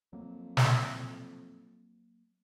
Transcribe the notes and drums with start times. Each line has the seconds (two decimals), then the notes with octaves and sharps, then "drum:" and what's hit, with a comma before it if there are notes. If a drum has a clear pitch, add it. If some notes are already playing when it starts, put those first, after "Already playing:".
0.13 F2 F#3 A#3
0.57 drum: snare